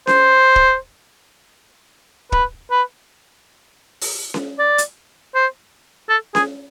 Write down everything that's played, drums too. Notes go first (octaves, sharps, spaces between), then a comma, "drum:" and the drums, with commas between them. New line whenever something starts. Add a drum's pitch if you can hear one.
C5, drum: snare C#4
drum: kick
B4, drum: kick
B4
drum: open hi-hat
drum: snare C#4
D5
drum: hi-hat
C5
A4
G#4, drum: snare C#4